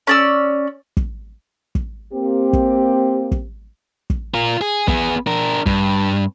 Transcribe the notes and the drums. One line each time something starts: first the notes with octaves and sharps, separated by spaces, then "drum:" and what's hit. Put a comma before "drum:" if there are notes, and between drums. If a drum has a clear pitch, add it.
C#4 D5 E6
drum: kick
drum: kick
A#3 C4 G4
drum: kick
drum: kick
drum: kick
F4 A#4
G#4
B3 G#4, drum: kick
D4 A#4
G2, drum: kick